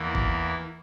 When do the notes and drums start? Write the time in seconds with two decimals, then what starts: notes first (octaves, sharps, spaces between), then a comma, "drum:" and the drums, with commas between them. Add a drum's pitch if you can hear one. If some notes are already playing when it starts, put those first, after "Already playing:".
Already playing: E2 E3 A#3
0.15 drum: kick